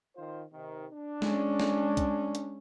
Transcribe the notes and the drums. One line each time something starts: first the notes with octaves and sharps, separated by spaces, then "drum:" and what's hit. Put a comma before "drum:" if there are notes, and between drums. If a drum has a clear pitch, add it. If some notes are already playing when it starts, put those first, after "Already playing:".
D#3 F4 C5
C3 D#3
D4
G#3 C#4, drum: snare
drum: snare
drum: kick C2, hi-hat
drum: hi-hat